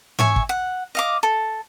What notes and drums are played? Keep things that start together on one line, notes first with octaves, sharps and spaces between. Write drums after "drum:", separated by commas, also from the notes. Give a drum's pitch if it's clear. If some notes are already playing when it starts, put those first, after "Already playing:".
C#5 E5 G#5, drum: tom G#2
drum: kick
F#5
D#5 F5 D6
A4